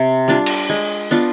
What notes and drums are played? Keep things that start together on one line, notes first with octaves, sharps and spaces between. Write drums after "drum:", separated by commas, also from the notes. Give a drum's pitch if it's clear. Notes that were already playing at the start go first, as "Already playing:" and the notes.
Already playing: C3
G3 D4 F4
drum: cymbal
G#3
B3 D4 F4